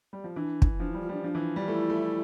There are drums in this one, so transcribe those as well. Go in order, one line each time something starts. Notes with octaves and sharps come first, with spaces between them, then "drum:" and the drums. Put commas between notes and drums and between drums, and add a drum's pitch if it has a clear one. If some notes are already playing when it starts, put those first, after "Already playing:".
G3
F3
E3 D4
drum: kick
F3 D4
E4
G3
F4
G3 D4
F3 D4
E3
G3
A3 E4
A3